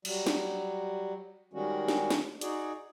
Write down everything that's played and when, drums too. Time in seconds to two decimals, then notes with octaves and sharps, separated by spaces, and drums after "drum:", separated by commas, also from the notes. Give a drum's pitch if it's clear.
0.05 F#3 G3, drum: cymbal
0.27 drum: snare
1.53 D#3 G3 G#3 C#4 F#4
1.88 drum: snare
2.10 drum: snare
2.41 D#4 F#4 G#4 D5, drum: hi-hat